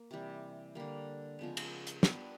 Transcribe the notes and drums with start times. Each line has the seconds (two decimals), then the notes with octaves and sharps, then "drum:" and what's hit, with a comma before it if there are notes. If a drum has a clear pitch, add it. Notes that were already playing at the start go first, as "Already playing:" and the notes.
Already playing: A#3
0.11 C3 E3 G3
0.75 D3 G3 A#3
1.39 C#3 F3 G#3 B3
1.57 drum: cymbal
1.87 drum: hi-hat
2.03 G3 B3 D4, drum: snare